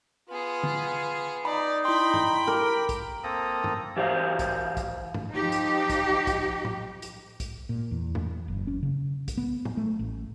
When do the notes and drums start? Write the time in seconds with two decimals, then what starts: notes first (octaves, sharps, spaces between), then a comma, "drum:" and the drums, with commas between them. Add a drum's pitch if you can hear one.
0.29 B3 F4 G#4
0.63 drum: tom
1.45 D#4 D5 B5
1.85 E4 G5 B5 C6
2.14 drum: tom G2
2.47 G4 A#4
2.89 drum: kick, hi-hat
3.24 A#3 C4 A4 A#5 D#6
3.64 drum: tom G2
3.96 E3 G4 C5 F5
4.39 drum: kick, hi-hat
4.77 drum: kick, hi-hat
5.14 drum: tom G2
5.33 F3 D#4 G4
5.52 drum: hi-hat
5.90 drum: kick, hi-hat
6.27 drum: kick, hi-hat
6.65 drum: tom A2
7.02 drum: hi-hat
7.40 drum: kick, hi-hat
7.69 A#2
7.91 E2
8.15 drum: tom G2
8.48 F#1
8.67 C#4
8.83 C#3
9.28 drum: kick, hi-hat
9.37 B3
9.65 drum: tom A2
9.77 A3
9.99 A1